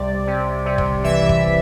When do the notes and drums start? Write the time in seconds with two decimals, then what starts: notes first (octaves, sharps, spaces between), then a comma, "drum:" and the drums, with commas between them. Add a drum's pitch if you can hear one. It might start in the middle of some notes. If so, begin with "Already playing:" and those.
Already playing: C2 C3 D5
0.27 C3
0.66 C3
0.78 drum: kick
1.03 E3 E5
1.29 drum: kick